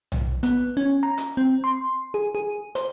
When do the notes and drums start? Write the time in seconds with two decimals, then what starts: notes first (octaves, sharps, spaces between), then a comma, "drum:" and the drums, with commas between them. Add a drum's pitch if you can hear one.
0.12 drum: tom
0.43 B3, drum: hi-hat
0.77 C#4
1.03 A#5
1.18 drum: hi-hat
1.37 C4
1.64 C6
2.14 G#4
2.35 G#4
2.75 C5, drum: hi-hat